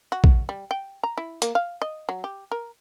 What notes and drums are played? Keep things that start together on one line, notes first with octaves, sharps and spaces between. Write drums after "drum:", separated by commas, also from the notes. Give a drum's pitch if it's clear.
F#4
drum: kick
G3
G5
A#5
E4
A#3, drum: hi-hat
F5
D#5
F#3
G4
A#4